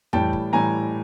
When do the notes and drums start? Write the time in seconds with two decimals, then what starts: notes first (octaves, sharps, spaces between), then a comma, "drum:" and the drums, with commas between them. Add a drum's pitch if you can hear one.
0.13 A2 E3 G3 G5 A5, drum: tom F2
0.33 drum: kick
0.53 A2 E3 G3 G#5 A#5